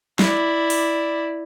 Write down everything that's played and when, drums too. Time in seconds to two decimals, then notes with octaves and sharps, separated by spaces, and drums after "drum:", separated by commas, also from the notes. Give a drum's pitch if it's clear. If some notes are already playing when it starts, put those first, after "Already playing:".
0.19 E4 D5, drum: snare
0.70 drum: open hi-hat